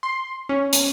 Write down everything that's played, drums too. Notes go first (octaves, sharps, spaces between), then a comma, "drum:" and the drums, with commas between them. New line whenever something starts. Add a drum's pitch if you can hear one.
C6
C#4
drum: hi-hat